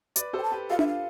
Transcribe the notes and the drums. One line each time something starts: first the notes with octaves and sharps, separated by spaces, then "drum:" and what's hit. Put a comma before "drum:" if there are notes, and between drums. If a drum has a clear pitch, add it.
B4 D5, drum: hi-hat
A4 C5 G5
A5
G4 B4
F4 A4 F5
E5, drum: tom D4
F5